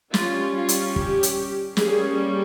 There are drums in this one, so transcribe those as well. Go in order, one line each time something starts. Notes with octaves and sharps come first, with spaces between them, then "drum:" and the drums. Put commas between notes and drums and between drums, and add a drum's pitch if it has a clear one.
G3 C#4 F4, drum: snare
F4
drum: hi-hat
G4, drum: kick
drum: hi-hat
G3 A#3 C#4 G#4, drum: snare